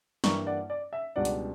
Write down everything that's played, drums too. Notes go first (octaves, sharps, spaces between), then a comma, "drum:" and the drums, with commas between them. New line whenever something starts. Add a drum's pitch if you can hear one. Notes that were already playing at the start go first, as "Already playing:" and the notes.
G2 E3 A#3 D4 A#5 C#6, drum: snare
D5 F#5
D5
E5
C#2 B2 G3 B3 D4 D5 F#5
drum: hi-hat